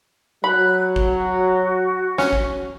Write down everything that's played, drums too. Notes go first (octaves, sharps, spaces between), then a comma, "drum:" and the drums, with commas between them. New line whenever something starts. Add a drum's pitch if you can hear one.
F#3 B5 F#6
drum: kick
F#4
C#4, drum: snare
drum: kick